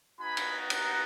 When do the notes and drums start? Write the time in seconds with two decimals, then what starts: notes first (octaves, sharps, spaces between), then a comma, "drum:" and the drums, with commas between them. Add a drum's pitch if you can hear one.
0.20 B3 D#4 F#4 G#5 B5
0.37 drum: cymbal
0.70 F#5 A#5, drum: cymbal